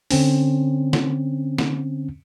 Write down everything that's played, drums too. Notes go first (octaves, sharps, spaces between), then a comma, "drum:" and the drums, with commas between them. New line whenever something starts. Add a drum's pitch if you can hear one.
D3 C4 C#4, drum: open hi-hat
drum: snare
drum: snare